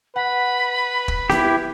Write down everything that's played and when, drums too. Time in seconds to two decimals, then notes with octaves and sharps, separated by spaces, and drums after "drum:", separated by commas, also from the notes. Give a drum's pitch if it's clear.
0.16 B4 F#5 B5
1.08 drum: kick
1.30 E4 G4, drum: snare B3